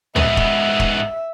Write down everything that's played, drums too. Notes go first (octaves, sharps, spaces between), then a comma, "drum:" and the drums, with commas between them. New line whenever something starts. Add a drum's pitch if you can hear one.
G#2 B3 E5, drum: tom
drum: kick
drum: kick